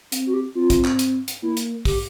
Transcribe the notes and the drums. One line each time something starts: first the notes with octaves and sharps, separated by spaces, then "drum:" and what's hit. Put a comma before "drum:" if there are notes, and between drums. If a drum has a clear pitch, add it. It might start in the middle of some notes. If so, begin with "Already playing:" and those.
C4, drum: hi-hat
F#4
G4
C4 F4
drum: kick, hi-hat
drum: clap
drum: hi-hat
drum: hi-hat
A#3 E4
drum: hi-hat
G4, drum: kick, open hi-hat